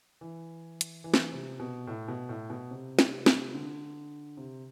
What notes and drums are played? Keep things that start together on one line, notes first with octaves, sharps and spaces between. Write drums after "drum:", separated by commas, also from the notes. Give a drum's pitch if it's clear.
E3
drum: hi-hat
E3
drum: snare
C3
B2
A2
B2
A2
B2
C3
C3, drum: snare
C3, drum: snare
D3
C3